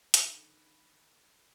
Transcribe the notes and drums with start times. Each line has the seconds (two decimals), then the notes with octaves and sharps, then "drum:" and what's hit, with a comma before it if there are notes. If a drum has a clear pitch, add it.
0.14 D3 D#3 B4 F#6 C#7, drum: hi-hat